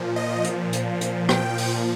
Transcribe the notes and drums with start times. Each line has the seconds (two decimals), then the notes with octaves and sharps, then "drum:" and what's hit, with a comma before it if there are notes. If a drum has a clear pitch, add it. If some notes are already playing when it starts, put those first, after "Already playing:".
Already playing: A#2 F3
0.16 D#5
0.44 drum: hi-hat
0.73 drum: hi-hat
1.01 drum: hi-hat
1.29 G5, drum: rim click
1.58 drum: open hi-hat